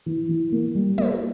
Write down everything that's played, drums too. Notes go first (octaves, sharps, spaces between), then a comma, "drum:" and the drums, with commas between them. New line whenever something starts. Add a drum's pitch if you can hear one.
E3
E3
A#3
G3
A#3, drum: tom